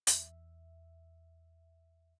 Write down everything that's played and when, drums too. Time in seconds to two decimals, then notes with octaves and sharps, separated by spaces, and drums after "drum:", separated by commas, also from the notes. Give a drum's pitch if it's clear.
0.07 E2 E5, drum: hi-hat